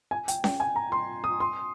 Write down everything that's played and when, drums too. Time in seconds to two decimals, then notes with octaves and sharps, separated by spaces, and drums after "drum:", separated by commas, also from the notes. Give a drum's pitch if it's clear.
0.11 G#5
0.28 G5, drum: hi-hat
0.44 G5, drum: snare C#4
0.60 G#5
0.76 A#5
0.92 C6
1.24 D#6
1.40 C6